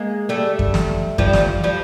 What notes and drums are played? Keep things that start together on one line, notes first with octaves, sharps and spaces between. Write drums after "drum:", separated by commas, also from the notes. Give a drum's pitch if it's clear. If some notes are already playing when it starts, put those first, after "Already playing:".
Already playing: G#3 A#3
G3 A3
drum: kick F#2
drum: snare
F3 G3, drum: kick F#2
drum: snare
F3 G3